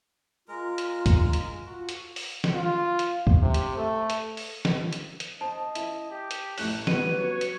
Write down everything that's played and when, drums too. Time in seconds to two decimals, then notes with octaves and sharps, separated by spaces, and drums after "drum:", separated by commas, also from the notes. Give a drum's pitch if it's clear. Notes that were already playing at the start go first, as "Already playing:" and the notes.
0.48 G#3 F4 A#4 A#5
0.78 drum: hi-hat
1.06 drum: kick D2, hi-hat
1.33 drum: hi-hat
1.66 F4 F#4
1.89 drum: hi-hat
2.16 drum: open hi-hat
2.44 drum: snare
2.55 F4
2.99 drum: hi-hat
3.27 drum: kick D2
3.42 C3
3.54 drum: hi-hat
3.77 A3
4.10 drum: hi-hat
4.37 drum: open hi-hat
4.65 drum: snare
4.93 drum: hi-hat
5.20 drum: hi-hat
5.41 C5 D#5 A5
5.75 E4, drum: hi-hat
6.10 G4
6.31 drum: hi-hat
6.58 A1 A3 C#5 F#6, drum: open hi-hat
6.87 G3 B3 B4 D#7, drum: snare
7.18 F#3 C#5
7.41 drum: hi-hat